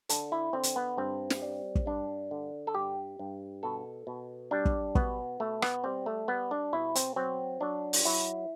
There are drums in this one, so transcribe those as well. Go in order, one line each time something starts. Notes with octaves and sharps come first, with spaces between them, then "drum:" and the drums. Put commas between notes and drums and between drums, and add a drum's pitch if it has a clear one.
D3 A4, drum: hi-hat
E4
D3 C4
drum: hi-hat
B3
G2 C4
drum: snare
G3
drum: kick
G2 D4
D3
A4
G2 G4
G2
B2 A4
B2
G3 D4
drum: kick
B2 B3, drum: kick
B2 A3
B3, drum: rim click
G3 C4
A3
G3 B3
D4
B2 E4
C4, drum: hi-hat
F#3 C4
F#3 D4
drum: open hi-hat
F#3 E4